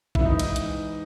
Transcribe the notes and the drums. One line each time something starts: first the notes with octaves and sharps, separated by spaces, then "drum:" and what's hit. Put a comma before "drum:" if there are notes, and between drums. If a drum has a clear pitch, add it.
E4, drum: kick A#1
G#2 E3 D#4
drum: cymbal
drum: hi-hat